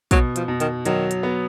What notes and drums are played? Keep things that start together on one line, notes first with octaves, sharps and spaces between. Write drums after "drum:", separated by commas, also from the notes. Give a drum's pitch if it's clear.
B2 F#3, drum: kick, hi-hat
F3, drum: hi-hat
B2
D#3, drum: hi-hat
D#3 F#3, drum: hi-hat
drum: hi-hat
B3